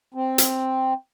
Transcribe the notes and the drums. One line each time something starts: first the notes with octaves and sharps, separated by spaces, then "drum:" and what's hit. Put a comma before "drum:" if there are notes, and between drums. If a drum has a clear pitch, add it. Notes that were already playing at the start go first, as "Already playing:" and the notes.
C4
drum: hi-hat